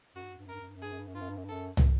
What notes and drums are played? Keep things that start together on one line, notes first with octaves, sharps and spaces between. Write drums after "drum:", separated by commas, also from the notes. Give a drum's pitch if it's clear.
F#2 F#4
G2
F#2
G2
F#2 A#4
G2
F#2
G2
F#2
G2 G#4
F#2
G2
F#2
G2 F4
F#2
G2
F#2
G2
F#2 A4
drum: tom